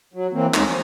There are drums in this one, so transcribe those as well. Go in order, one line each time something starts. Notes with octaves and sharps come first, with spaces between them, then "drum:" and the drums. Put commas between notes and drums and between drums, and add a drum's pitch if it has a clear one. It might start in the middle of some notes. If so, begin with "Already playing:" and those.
F#3
E3 A#3 C4
D2 G#3 C#4 D#4, drum: clap
F3